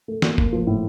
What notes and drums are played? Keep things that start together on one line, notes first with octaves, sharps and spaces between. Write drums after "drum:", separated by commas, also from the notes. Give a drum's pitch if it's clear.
A3
A#3, drum: snare
A#3, drum: kick
F3
A2